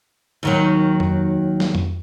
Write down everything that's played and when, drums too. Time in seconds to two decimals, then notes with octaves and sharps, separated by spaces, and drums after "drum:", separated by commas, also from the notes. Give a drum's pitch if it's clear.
0.43 D#2 D#3 F#3
1.00 drum: tom F2
1.60 drum: snare
1.75 drum: tom F2